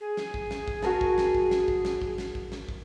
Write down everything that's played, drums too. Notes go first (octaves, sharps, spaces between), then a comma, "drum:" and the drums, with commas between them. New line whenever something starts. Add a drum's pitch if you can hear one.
G#4
drum: snare
drum: kick
drum: snare
drum: kick
F#4 A#4 A5, drum: snare
drum: kick
drum: snare
drum: kick
drum: snare
drum: kick
drum: snare
drum: kick
drum: snare
drum: kick
drum: snare
drum: kick